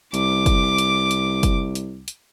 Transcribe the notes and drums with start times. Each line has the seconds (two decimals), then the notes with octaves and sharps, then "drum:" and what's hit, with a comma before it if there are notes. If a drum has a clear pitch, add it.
0.14 C2 D6, drum: hi-hat
0.46 drum: kick F#1, hi-hat
0.78 drum: hi-hat
1.11 drum: hi-hat
1.43 drum: kick F#1, hi-hat
1.75 drum: hi-hat
2.08 drum: hi-hat